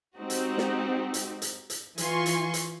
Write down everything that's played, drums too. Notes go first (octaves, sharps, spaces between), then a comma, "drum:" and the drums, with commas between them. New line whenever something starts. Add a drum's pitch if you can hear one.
G#3 C4 D#4 F#4 G4
drum: hi-hat
drum: snare
drum: hi-hat
drum: hi-hat
drum: hi-hat
E3 F4 G#5 C6 C#6, drum: hi-hat
drum: hi-hat
drum: hi-hat